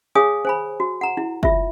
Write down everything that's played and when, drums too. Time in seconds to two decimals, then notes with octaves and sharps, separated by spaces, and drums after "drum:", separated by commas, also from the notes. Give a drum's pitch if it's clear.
0.15 G#4 C#5 F5 G#5 D#6
0.45 C5 G#5 B5
0.80 F#4
1.01 F#5 A#5
1.17 E4
1.43 F4 E5, drum: kick